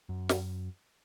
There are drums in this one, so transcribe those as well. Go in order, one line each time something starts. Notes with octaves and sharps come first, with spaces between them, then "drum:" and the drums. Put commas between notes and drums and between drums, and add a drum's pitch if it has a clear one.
F#2
drum: snare